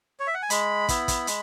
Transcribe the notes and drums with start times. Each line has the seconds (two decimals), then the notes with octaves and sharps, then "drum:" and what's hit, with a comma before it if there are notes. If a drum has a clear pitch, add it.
0.20 C#5
0.27 E5
0.34 F#5
0.42 G#5
0.50 G#3 B5, drum: hi-hat
0.88 B3 E4, drum: kick, hi-hat
1.08 drum: kick, hi-hat
1.27 G#3, drum: hi-hat